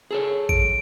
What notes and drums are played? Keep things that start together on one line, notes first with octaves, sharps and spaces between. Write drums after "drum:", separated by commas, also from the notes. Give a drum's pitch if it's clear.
G#4 A4 C#5
D7, drum: kick